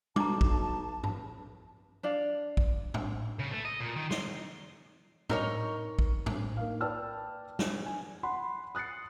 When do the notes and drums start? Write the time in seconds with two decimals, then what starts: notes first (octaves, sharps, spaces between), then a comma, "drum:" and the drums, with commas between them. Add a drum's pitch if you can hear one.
0.16 B1 A5 A#5 D6, drum: tom G3
0.41 drum: kick A#1
1.04 drum: tom G2
2.03 D4 D5 F5
2.57 drum: kick A#1
2.94 drum: tom A2
3.39 C#3
3.52 A3
3.65 D#5
3.80 A#2
3.96 D#3
4.11 C6, drum: snare
5.29 D#4 A#4 C#5, drum: tom A2
5.99 drum: kick A#1
6.26 drum: tom A2
6.57 A#3 D#4 F5
6.81 B4 D5 G5 A5 E6 F6
7.59 drum: snare
7.86 G#5
8.23 F#5 B5 C6
8.75 D#6 F#6 A6 C7 C#7